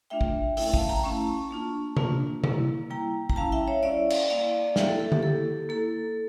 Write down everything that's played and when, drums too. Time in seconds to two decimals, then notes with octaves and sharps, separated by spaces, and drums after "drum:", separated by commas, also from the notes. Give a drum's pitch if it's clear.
0.10 A3 D4 F4 E5 G5
0.21 drum: kick
0.57 A3 C#4 E4 E5 G5, drum: open hi-hat
0.74 F5 A5, drum: kick
0.89 G5 A#5
1.03 A3 C#4 E4 A5 C#6
1.51 A#3 D4 F4
1.97 A#3 D4 F4, drum: tom C3
2.44 G3 A#3 E4, drum: tom C3
2.90 G3 A#3 E4 G5 A#5
3.29 A#5, drum: kick
3.36 G3 C#4 E4 F5 A5
3.52 E5 G5
3.68 C#5 E5
3.83 G3 C#4 E4 D5 F5
4.10 drum: cymbal
4.30 A#3 E4 D5 F5
4.76 A#3 E4 E5 G5, drum: snare
4.87 A4
5.00 A4
5.12 G4, drum: tom D3
5.23 A#3 E4 A4
5.69 A#3 E4 A4